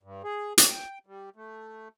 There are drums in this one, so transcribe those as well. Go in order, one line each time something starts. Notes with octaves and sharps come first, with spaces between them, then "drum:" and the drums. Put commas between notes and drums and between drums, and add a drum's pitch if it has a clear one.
G2
G#4
drum: hi-hat
G5
G3
A3